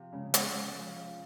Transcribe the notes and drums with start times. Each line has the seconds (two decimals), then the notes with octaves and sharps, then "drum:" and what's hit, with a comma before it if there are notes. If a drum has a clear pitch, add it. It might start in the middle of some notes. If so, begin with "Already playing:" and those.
Already playing: C3 F3
0.13 C#3 G#3
0.34 G#3, drum: hi-hat
0.54 G#3
0.75 F3
0.95 F4